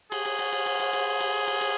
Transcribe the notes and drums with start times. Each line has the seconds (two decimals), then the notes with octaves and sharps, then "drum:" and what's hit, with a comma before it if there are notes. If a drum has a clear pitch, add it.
0.12 G#4, drum: cymbal
0.26 drum: cymbal
0.39 drum: cymbal
0.53 drum: cymbal
0.66 drum: cymbal
0.80 drum: cymbal
0.93 drum: cymbal
1.20 drum: cymbal
1.48 drum: cymbal
1.61 drum: cymbal